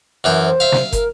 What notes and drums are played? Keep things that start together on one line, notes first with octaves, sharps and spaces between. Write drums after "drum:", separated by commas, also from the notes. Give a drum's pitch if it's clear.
F#2 E3 G5
C5
E5 F5
drum: snare
A#4, drum: kick, hi-hat